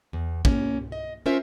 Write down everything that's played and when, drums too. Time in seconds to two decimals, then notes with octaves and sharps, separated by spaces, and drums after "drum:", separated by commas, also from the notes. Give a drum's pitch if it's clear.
0.13 E2
0.45 A#3 C#4, drum: kick
0.92 D#5
1.26 C#4 F4 A#4 C5 E5